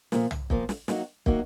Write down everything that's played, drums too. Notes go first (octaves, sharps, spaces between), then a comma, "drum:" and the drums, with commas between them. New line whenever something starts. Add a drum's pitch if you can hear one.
A#2 F3 A#3, drum: snare
drum: tom
A#2 F3 A#3, drum: kick
drum: snare
F#3 A#3 D#4 F#4, drum: snare
F#3 A#3 D#4 F#4, drum: kick